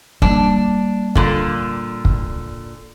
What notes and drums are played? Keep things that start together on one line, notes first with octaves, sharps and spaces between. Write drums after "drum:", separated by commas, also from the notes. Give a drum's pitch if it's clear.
G3 A#3 D4, drum: kick
A#2 D3, drum: kick
drum: kick